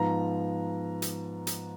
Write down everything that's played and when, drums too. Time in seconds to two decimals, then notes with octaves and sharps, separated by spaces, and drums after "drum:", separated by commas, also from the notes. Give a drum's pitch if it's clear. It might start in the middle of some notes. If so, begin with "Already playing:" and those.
Already playing: G#2 F3 B3 A#5
1.02 drum: hi-hat
1.47 drum: hi-hat